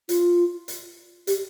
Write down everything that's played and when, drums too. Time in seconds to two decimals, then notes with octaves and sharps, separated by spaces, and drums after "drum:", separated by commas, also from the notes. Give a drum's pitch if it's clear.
0.09 F4, drum: hi-hat
0.68 drum: hi-hat
1.27 G4, drum: hi-hat